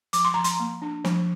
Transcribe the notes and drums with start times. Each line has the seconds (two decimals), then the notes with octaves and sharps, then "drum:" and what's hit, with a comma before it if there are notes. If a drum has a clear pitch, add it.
0.13 F3 D6, drum: hi-hat
0.25 C6
0.34 F3 A#5
0.44 C6, drum: hi-hat
0.60 A#3
0.82 D4
1.05 F3, drum: snare